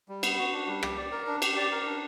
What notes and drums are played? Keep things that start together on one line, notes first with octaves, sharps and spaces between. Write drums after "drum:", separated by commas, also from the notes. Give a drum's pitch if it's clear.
G3
B3, drum: cymbal
F#4
D4
G3
G4, drum: rim click
D5
A#4
D4
G4, drum: cymbal
D5
A#4
D4